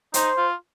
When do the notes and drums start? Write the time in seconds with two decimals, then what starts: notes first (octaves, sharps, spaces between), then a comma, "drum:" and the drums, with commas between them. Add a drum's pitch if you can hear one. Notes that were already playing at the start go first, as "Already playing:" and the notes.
0.14 D#4 C5, drum: hi-hat
0.37 F4